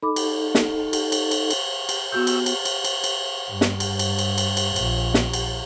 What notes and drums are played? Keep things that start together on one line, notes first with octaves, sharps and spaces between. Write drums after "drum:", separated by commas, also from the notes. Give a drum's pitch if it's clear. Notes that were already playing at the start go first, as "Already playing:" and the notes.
D#4 A4 B5 D6
drum: cymbal
drum: snare
drum: cymbal
drum: cymbal
drum: cymbal
drum: cymbal
drum: cymbal
B3 F#4 C#6 E6 G6
drum: cymbal
drum: cymbal
drum: cymbal
drum: cymbal
drum: cymbal
G2
drum: snare
drum: cymbal
drum: cymbal
drum: cymbal
drum: cymbal
drum: cymbal
A#1, drum: cymbal
drum: snare
drum: cymbal